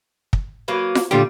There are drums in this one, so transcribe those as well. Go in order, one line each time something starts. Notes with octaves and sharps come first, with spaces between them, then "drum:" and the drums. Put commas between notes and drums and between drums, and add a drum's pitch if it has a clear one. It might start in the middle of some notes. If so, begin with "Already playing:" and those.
drum: kick
F#3 A#3 B4
drum: snare F4
A#2 D3 G3 F4 G4